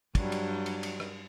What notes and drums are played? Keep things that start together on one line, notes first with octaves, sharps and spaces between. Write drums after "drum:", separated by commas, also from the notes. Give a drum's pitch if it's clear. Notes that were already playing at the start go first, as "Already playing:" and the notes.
G2 F#3 G3, drum: kick, cymbal
drum: cymbal
drum: cymbal
drum: cymbal
drum: rim click